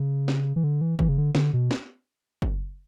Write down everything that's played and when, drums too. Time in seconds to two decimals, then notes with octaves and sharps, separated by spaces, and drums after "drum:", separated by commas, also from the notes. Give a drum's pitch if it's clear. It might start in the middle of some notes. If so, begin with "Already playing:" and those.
Already playing: C#3
0.28 drum: snare
0.56 E3
0.64 D3
0.81 E3
0.99 E3, drum: kick F#1
1.09 C#3
1.17 D3
1.35 D3, drum: snare
1.53 B2
1.71 drum: snare
2.42 drum: kick F#1